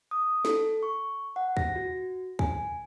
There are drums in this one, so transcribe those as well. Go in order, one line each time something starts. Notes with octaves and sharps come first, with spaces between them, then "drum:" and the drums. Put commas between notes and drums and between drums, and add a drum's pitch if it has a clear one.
D#6
A4, drum: snare
C#6
F#5
A#6, drum: kick
F#4
G#5, drum: kick